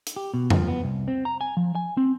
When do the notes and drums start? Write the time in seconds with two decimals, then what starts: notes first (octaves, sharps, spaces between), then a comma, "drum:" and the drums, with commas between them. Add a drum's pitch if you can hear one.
0.07 drum: hi-hat
0.16 G4
0.34 B2
0.50 F3, drum: tom F2
0.68 B3
0.83 C2
1.08 C4
1.25 A#5
1.41 G#5
1.57 F3
1.75 G#5
1.97 C4